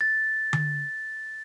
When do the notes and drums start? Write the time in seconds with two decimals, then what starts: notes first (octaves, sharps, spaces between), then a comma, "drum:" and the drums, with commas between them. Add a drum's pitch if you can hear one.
0.01 A6
0.53 drum: tom D3